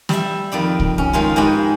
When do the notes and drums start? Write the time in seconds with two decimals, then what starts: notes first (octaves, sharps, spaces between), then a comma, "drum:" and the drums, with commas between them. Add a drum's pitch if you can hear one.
0.09 G3 E5, drum: snare
0.52 F2 D#3 D5 B5
0.80 drum: kick
0.98 C#4
1.13 D#3 G#3 D#4 F4
1.36 G#2 G#3 D4 G4 D#5 B5